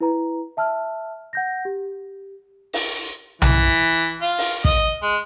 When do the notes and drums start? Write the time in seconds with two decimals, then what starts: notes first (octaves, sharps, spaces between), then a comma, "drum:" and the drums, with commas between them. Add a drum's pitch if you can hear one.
0.01 E4 B4 A#5
0.57 E5 A5 E6 F6
1.33 F#5 G6 A#6
1.65 G4
2.73 drum: open hi-hat
3.42 E3, drum: tom B1
4.21 F4
4.38 drum: open hi-hat
4.65 D#5, drum: kick
5.02 G#3